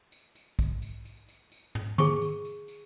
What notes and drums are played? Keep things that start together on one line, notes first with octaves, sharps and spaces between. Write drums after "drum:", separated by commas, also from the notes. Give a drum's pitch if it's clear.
drum: tambourine
drum: tambourine
drum: kick, tambourine
drum: tambourine
drum: tambourine
drum: tambourine
drum: tambourine
drum: tom
G#4 C#6, drum: tom
drum: tambourine
drum: tambourine
drum: tambourine